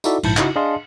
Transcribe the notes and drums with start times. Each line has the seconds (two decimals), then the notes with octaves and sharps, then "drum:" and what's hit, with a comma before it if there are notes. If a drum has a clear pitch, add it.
0.04 D#4 E4 F#4 A4 D5 E5, drum: tambourine
0.23 A#1 G#2 E4 A5 G6, drum: cymbal
0.37 C#3 D#4 E4 F#4, drum: clap
0.56 D4 G#4 D#5 F5 A5 C6